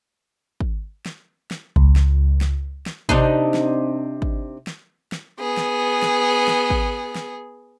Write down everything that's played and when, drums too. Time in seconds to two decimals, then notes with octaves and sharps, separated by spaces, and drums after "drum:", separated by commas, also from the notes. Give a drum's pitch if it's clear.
0.61 drum: kick
1.06 drum: snare
1.51 drum: snare
1.76 C#2, drum: kick
1.96 drum: snare
2.41 drum: snare
2.86 drum: snare
3.09 C3 D4 D#4, drum: kick
3.54 drum: snare
4.22 drum: kick
4.67 drum: snare
5.12 drum: snare
5.40 B3 G#4
5.57 drum: snare
6.03 drum: snare
6.48 drum: snare
6.70 drum: kick
7.16 drum: snare